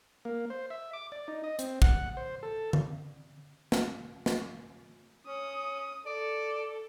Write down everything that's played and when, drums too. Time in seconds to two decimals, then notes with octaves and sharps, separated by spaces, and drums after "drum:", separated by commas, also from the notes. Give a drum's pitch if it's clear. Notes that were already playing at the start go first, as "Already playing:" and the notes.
0.25 A#3
0.50 C5
0.70 E5
0.93 D6
1.12 D5
1.28 D#4
1.44 D#5
1.59 C4, drum: hi-hat
1.82 F#5, drum: kick
2.17 C5
2.43 A4
2.73 drum: tom D3
3.72 drum: snare
4.26 drum: snare
5.27 C#4 D#6
6.06 A4 D5